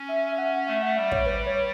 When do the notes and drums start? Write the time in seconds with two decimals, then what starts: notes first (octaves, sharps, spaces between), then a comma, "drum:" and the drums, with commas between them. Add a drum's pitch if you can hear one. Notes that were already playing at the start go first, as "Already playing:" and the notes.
Already playing: C#4
0.08 E5
0.32 E5
0.38 F#5
0.67 A3 E5
0.83 F#5
0.96 G3 E5
1.12 C#5, drum: kick
1.26 B4
1.46 C#5